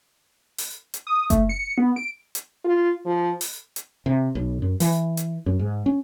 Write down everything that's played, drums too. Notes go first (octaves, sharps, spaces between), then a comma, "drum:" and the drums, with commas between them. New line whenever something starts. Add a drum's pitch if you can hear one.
drum: open hi-hat
drum: hi-hat
D#6
A3, drum: kick F#1, hi-hat
C#7
B3
D7
drum: hi-hat
F4
F3
drum: open hi-hat
drum: hi-hat
C3
B1
F#2
E3, drum: open hi-hat
drum: hi-hat
F#2
G#2
C#4